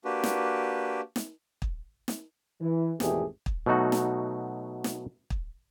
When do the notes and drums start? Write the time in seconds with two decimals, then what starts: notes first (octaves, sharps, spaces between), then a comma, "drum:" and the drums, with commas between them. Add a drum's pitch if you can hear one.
0.05 A#3 D4 F#4 G4 B4
0.24 drum: snare
1.16 drum: snare
1.62 drum: kick
2.08 drum: snare
2.61 E3
3.00 G#1 E2 B2 A3 G4 G#4, drum: snare
3.46 drum: kick
3.66 B2 F#3 A3 D#4 F#4
3.92 drum: snare
4.84 drum: snare
5.30 drum: kick